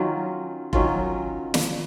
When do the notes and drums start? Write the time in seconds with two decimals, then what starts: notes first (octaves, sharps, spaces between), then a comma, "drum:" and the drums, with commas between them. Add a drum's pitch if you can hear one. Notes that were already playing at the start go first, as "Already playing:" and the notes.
Already playing: D#3 F#3 C#4 F4
0.73 D#3 F#3 C#4 F4, drum: kick F1
1.54 drum: snare